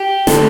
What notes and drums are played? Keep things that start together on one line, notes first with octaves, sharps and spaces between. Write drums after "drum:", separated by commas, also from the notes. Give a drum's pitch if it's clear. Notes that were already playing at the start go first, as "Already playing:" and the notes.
Already playing: G4
D3 A3 C4 A4, drum: snare